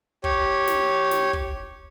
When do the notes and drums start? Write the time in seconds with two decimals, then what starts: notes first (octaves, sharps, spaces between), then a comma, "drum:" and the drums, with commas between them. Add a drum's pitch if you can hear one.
0.24 G4 C#5, drum: kick
0.68 drum: snare
1.11 drum: snare
1.33 drum: kick